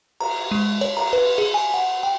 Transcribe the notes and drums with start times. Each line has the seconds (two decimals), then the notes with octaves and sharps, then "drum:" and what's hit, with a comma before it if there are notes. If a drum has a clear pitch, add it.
0.20 A#5, drum: cymbal
0.51 G#3
0.81 C#5
0.97 A#5, drum: cymbal
1.13 B4
1.38 G#4
1.54 G#5
1.74 F#5
2.03 G5